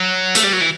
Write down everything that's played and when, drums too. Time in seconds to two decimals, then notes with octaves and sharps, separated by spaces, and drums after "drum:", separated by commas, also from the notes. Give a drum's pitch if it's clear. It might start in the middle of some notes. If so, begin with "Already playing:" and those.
Already playing: F#3
0.35 A3, drum: hi-hat
0.44 G3
0.53 F#3
0.61 E3